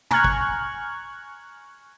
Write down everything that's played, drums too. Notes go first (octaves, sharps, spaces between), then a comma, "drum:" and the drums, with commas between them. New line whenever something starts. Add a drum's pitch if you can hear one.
G#5 A#5 C#6 F6 F#6 G#6, drum: tom
drum: kick